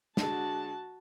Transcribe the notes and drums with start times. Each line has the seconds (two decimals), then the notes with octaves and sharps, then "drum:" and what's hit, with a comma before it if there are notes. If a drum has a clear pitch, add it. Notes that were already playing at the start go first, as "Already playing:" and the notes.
0.17 D3 G#3 D4 F#4 A5, drum: snare